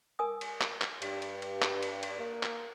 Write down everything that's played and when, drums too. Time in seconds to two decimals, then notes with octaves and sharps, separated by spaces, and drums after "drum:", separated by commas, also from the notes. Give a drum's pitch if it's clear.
0.19 A#4 G#5 D#6
0.41 drum: cymbal
0.61 drum: clap
0.82 drum: clap
1.02 G2, drum: cymbal
1.22 drum: cymbal
1.42 drum: cymbal
1.62 drum: clap
1.83 drum: cymbal
2.03 drum: cymbal
2.19 A#3
2.43 drum: clap